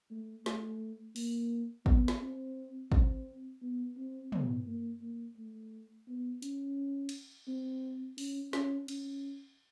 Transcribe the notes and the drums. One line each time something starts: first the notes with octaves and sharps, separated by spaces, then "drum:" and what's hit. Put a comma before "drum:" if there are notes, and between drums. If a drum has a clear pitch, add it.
A3
A3, drum: snare
A#3, drum: open hi-hat
B3, drum: kick
drum: snare
C4
C4, drum: kick
B3
C4
B3, drum: tom
A#3
A#3
A3
B3
C#4, drum: hi-hat
drum: cymbal
C4
C#4, drum: open hi-hat
C#4, drum: snare
C#4, drum: cymbal